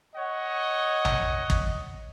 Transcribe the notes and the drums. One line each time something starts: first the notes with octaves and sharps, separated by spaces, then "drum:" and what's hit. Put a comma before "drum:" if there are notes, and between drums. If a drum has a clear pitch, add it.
C#5 D#5 F#5
drum: tom A#1
drum: kick